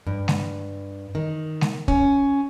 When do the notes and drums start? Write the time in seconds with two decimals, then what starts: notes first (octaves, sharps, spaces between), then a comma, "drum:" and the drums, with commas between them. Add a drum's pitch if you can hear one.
0.07 G2
0.28 drum: snare
1.15 D#3
1.61 drum: snare
1.88 C#4, drum: kick